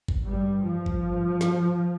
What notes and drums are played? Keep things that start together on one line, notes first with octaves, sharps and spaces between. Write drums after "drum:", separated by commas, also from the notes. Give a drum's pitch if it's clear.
drum: kick G#1
G2 G3
F3
drum: kick G#1
G2
drum: snare